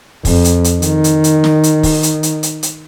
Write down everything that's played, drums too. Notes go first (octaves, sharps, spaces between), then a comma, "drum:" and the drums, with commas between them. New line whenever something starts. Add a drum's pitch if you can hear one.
F2, drum: kick, open hi-hat
drum: hi-hat
drum: hi-hat
D#3, drum: hi-hat
drum: hi-hat
drum: hi-hat
drum: snare
drum: hi-hat
drum: kick, open hi-hat
drum: hi-hat
drum: hi-hat
drum: hi-hat
drum: hi-hat